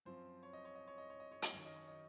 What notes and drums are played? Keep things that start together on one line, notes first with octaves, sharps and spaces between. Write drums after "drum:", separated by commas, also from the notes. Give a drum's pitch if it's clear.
F#2 F3 C4 C5
C#5
D#5
C#5
D#5
C#5
D#5
C#5
D#5
C#5
D#5, drum: hi-hat
F#2 D#3 F#3 C#5
D#5
C#5
D#5